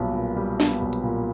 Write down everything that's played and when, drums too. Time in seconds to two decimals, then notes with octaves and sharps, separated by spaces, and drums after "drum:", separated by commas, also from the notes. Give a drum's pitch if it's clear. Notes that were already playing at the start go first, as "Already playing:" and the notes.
Already playing: B1 A#2 G3 B3
0.15 A#2
0.36 G3
0.60 B3, drum: snare
0.82 B1
0.93 drum: hi-hat
1.03 A#2